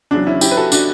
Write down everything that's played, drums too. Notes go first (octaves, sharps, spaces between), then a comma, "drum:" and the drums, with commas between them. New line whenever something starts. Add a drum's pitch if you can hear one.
E2 C#3 F#3 D4
C#4 E4
E4 G4, drum: tambourine
B4
F#4 A4
D4 F#4, drum: tambourine